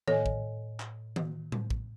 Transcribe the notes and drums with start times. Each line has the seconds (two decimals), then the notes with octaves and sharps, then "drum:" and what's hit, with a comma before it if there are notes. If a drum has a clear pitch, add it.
0.08 A2 A4 C#5 D#5 G#5, drum: tom D#3
0.26 drum: kick
0.80 drum: clap
1.16 drum: tom D#3
1.52 drum: tom A2
1.70 drum: kick